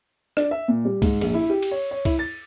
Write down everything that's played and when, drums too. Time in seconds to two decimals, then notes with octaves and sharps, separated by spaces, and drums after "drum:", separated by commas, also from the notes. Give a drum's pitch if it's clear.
0.37 D4, drum: rim click
0.51 E5
0.68 A#2
0.85 G3
1.02 G#2, drum: kick, cymbal
1.21 A#1, drum: cymbal
1.34 E4
1.50 G4
1.62 drum: cymbal
1.71 C#5
1.91 C#5
2.05 E4, drum: kick, cymbal
2.19 A6